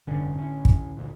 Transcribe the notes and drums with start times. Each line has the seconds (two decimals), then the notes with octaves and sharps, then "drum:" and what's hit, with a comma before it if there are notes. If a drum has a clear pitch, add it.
0.07 F1 G2 D3 C#4
0.34 A1 C#4
0.65 drum: kick
0.97 A1 D2 A#2